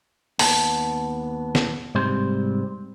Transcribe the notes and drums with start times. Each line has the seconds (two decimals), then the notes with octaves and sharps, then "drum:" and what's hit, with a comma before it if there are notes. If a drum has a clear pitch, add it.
0.39 D#2 B3 A5, drum: open hi-hat
1.55 drum: snare
1.95 G#2 C3 G3 C4 C5